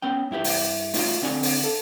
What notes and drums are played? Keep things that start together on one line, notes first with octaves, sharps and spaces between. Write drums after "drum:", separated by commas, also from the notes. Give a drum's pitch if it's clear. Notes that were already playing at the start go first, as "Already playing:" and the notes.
B3 C#4 G5
G2 E4 G4 B4
drum: open hi-hat
A3 D#4 F4 F#4, drum: open hi-hat
D3 C4 D4 D5 F#5 G#5
drum: open hi-hat
A4